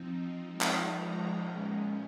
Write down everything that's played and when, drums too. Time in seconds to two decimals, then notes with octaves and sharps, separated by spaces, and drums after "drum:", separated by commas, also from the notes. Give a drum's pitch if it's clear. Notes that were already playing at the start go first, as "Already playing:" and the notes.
Already playing: F3 C4 D#4
0.49 F3 G#3 D#4
0.61 drum: clap
0.96 A#5
1.43 A#2 G#3 C#4